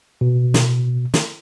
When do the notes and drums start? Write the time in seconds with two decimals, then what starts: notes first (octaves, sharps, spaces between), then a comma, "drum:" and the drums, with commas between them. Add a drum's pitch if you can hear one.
0.21 B2
0.54 drum: snare
1.14 drum: snare